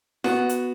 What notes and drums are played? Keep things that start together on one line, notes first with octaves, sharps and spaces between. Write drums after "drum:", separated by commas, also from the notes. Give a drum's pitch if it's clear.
B3 F#4, drum: snare E4
drum: hi-hat